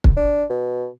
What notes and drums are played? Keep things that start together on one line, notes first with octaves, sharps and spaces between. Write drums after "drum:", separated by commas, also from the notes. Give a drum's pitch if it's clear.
drum: kick
D4
B2